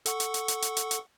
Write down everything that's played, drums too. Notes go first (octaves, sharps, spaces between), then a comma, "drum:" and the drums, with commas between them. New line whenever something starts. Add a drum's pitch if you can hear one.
A4 F#5 C#6, drum: hi-hat
drum: hi-hat
drum: hi-hat
drum: hi-hat
drum: hi-hat
drum: hi-hat
drum: hi-hat